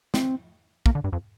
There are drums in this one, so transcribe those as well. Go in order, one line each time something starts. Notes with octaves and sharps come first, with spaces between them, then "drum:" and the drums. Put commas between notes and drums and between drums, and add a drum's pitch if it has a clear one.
C4, drum: snare
A#3, drum: kick
D3
G2
F2